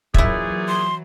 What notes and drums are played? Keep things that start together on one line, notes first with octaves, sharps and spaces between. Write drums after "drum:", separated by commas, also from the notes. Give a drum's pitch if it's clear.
A#2 E3 F#3 E4 G#4 E5, drum: kick
C6